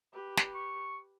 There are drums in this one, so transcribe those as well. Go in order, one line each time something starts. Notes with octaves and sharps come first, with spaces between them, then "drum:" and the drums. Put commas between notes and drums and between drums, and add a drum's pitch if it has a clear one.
G4 B4
drum: snare
C#6